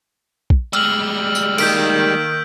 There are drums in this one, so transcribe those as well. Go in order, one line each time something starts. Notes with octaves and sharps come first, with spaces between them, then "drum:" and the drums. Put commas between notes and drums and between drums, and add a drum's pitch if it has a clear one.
drum: kick
G3 G#3 E6 F6 F#7, drum: hi-hat
drum: tambourine
D#3 A#3 G6 B6 D7, drum: cymbal